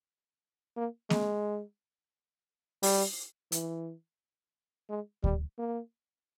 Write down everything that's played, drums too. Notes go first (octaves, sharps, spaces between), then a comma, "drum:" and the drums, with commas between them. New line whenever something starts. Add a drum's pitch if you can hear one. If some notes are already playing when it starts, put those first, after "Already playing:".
A#3
G#3, drum: snare A#3
G3, drum: open hi-hat
E3, drum: hi-hat
G#3
G3, drum: kick D2
A#3